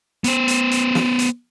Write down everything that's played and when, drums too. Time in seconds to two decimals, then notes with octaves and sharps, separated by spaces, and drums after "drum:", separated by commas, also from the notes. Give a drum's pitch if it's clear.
0.24 B3 C5, drum: hi-hat
0.48 drum: hi-hat
0.71 drum: hi-hat
0.95 drum: snare
1.19 drum: hi-hat